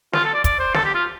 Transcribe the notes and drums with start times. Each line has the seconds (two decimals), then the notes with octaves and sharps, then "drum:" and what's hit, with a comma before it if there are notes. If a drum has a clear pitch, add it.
0.13 F4, drum: snare
0.25 A4
0.34 D5
0.44 D5, drum: kick, hi-hat
0.59 C5
0.74 A4, drum: snare
0.84 G4
0.95 F4